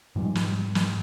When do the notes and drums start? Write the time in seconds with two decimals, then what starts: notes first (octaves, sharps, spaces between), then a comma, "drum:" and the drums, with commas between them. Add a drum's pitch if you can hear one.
0.16 G#2 F3 G3 G#3
0.35 drum: snare
0.75 drum: snare